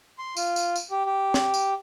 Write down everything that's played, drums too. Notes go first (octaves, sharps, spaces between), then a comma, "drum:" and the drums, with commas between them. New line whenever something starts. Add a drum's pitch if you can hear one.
C6
F4, drum: tambourine
drum: tambourine
drum: tambourine
G4
G4
drum: snare
drum: tambourine